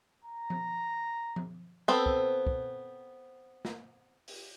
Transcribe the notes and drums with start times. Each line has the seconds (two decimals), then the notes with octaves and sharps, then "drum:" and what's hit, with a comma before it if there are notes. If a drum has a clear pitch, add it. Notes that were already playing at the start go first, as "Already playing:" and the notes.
0.25 A#5
0.50 drum: tom F3
1.36 drum: tom F3
1.88 B3 C4 A4
2.06 drum: kick
2.47 drum: kick
3.65 drum: snare
4.28 drum: open hi-hat